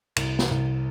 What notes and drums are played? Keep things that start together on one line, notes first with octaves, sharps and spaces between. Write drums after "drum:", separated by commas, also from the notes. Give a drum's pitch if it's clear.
C2, drum: cymbal
drum: snare
C2